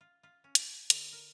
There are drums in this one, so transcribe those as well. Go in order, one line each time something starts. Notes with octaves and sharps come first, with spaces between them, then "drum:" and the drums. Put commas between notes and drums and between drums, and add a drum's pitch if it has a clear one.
F4
F4
C#4
drum: hi-hat
D3, drum: hi-hat
A#4